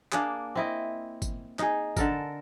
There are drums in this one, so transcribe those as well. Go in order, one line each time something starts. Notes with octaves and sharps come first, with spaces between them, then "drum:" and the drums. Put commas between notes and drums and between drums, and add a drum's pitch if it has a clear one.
A#3 D4 G#4, drum: clap
C4 E4 D#5
drum: kick G1, tambourine
D#4 G#4, drum: clap
D3 A4 A#4, drum: kick G1, tambourine